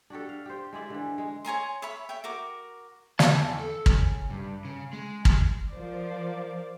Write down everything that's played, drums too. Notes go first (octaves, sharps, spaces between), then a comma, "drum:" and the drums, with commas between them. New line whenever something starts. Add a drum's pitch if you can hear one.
D4 F#4 G4 A4
F5
G4 C5
G#3 E4 D5 E5
D3 E3
G#3
C#5 G#5 A#5 C6
C#5 E5 B5
C#5 E5 G5
F#4 A#4 D6
A5, drum: snare
E2
A4
C#3, drum: kick
G2
C#3
G#3
G#3, drum: kick
F3 A#4 C5 D5